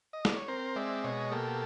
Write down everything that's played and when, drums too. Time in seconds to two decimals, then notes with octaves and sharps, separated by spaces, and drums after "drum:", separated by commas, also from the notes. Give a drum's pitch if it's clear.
0.13 D#5
0.25 D5, drum: snare
0.36 C#5
0.48 C4 A#4 C5
0.76 G#3 D5 E5
1.04 B2 C#5 D#5
1.31 A#3 G4 A4